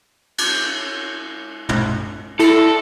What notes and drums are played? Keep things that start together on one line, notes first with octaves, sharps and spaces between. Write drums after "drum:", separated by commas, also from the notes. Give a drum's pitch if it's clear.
drum: cymbal
drum: tom
E4 A4, drum: cymbal